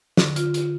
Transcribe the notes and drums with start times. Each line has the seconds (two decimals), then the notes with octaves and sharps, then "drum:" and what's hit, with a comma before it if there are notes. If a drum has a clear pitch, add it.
0.17 D3, drum: snare
0.36 F4, drum: hi-hat
0.54 F4, drum: hi-hat